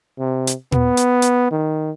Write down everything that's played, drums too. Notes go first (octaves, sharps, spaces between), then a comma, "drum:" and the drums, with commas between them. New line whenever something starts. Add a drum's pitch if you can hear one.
C3
drum: hi-hat
B3, drum: tom A#2
drum: hi-hat
drum: hi-hat
D#3